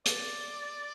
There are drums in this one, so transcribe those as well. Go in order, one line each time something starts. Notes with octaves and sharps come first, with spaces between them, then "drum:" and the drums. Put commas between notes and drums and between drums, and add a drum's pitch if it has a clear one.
D5, drum: hi-hat